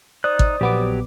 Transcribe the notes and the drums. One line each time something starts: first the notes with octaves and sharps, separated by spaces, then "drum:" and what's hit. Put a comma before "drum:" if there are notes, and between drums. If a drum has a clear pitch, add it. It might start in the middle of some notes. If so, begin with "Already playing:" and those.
D#4 C5 D5 D#6 F#6
drum: kick
A#1 F#3 B3 G4 D6